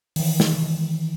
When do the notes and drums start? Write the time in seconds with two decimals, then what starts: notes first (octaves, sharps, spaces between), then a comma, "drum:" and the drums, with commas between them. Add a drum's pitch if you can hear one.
0.16 D#3 E3, drum: open hi-hat
0.40 drum: snare